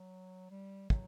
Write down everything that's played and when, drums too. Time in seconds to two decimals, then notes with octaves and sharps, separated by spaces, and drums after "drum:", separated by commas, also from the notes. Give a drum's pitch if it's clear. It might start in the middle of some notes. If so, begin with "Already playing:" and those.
Already playing: F#3
0.51 G3
0.90 F#3, drum: kick